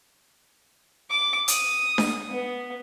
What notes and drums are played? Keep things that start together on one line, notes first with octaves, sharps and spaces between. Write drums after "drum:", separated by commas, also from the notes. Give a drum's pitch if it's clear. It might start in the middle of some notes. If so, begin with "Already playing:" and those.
D6
D#6, drum: hi-hat
drum: snare D4
B3